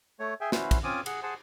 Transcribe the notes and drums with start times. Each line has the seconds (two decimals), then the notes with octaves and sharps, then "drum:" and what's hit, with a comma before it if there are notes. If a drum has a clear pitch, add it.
0.20 A3 C#5
0.41 G#4 E5 G5 G#5
0.52 C#4 E4 F#4 B4 C5, drum: snare
0.71 drum: kick, cymbal
0.84 C4 C#4 F4 G#5 D6 D#6
1.06 G#4 F#5, drum: cymbal
1.23 G#4 C5 F#5 G#5 A5